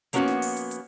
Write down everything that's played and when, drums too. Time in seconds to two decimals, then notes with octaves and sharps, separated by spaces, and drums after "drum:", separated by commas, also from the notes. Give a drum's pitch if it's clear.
0.13 F3 A#3 B3 C#4 F#4, drum: hi-hat
0.28 drum: snare
0.42 drum: open hi-hat
0.57 drum: hi-hat
0.71 drum: hi-hat